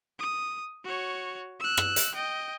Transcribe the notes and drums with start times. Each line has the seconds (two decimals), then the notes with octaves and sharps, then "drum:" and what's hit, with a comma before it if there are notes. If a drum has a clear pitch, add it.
0.19 D#6
0.84 F#4 C#5
1.60 E6 F#6
1.77 drum: rim click
1.96 drum: hi-hat
2.15 D#5 G5